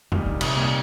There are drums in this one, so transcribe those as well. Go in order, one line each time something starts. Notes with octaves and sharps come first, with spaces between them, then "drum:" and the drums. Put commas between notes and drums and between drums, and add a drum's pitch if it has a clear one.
A#2 D#3 G3 A#3 D#4, drum: tom F#2
D3
C3, drum: cymbal
A#2 G3 A#3 D#4